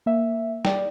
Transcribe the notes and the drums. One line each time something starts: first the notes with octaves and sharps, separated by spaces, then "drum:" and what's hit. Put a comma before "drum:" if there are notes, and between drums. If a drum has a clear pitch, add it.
A#3 E5
D5 G5, drum: snare